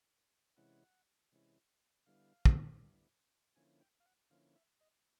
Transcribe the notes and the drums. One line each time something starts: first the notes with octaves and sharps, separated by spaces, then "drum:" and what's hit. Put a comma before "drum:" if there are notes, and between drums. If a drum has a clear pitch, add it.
C3 E3 G#3 C#4 E4 F#5
C3 E3 G#3 C#4 E4
D3 G3 B3 E4 F5
drum: kick
D3 G3 B3 E4
D3 F3 A#3 C#4 E4 G#5
G5
F5
F#5
D3 F3 A#3 C#4 E4 F5
E5
D#5